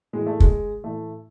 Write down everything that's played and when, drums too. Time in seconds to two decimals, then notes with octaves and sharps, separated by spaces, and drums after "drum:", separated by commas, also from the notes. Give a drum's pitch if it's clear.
0.13 A2 E3 G#3
0.27 A3
0.40 G#3, drum: kick
0.84 A2 E3 A3